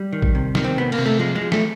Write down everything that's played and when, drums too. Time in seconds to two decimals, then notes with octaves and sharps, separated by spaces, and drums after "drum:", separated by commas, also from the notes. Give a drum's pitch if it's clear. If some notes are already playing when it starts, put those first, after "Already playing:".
Already playing: G3
0.13 D#3
0.22 drum: kick A1
0.35 C3
0.55 D#3, drum: snare
0.64 C4
0.76 C3 B3
0.92 A#3, drum: cymbal
0.98 C3
1.06 A3
1.19 F3 G#3
1.35 G#3
1.41 F3
1.52 A3, drum: snare